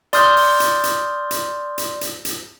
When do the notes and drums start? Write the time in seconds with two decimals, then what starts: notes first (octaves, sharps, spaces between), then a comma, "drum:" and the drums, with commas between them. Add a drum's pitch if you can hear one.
0.13 D5 C6 D#6 F6 G6, drum: hi-hat
0.36 drum: open hi-hat
0.60 drum: hi-hat
0.84 drum: hi-hat
1.31 drum: hi-hat
1.78 drum: hi-hat
2.01 drum: hi-hat
2.25 drum: hi-hat